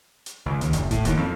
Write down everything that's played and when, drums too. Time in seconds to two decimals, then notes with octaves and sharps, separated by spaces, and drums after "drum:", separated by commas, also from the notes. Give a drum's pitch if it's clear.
0.26 drum: hi-hat
0.46 C#2
0.61 D#2, drum: hi-hat
0.73 F#1, drum: hi-hat
0.91 A2, drum: kick D#1, hi-hat
1.05 D#2, drum: hi-hat
1.17 F2